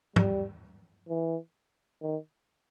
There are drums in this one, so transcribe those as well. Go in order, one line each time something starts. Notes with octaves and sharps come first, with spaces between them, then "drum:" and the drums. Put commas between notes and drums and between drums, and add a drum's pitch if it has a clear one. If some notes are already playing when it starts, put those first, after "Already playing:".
G3, drum: tom
E3
D#3